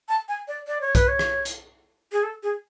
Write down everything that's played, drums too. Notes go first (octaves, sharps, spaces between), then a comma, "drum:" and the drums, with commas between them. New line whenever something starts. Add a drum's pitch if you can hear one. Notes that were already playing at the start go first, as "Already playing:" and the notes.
A5
G#5
D5
D5
C#5
B4, drum: kick A#1, hi-hat
C#5
drum: rim click
drum: hi-hat
G#4
A4
G#4